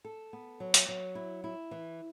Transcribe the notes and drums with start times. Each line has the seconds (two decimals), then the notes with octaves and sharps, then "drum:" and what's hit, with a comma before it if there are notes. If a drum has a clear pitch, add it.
0.05 A4
0.33 B3
0.60 F#3
0.74 drum: hi-hat
0.88 F#3
1.15 E4
1.44 E4
1.71 E3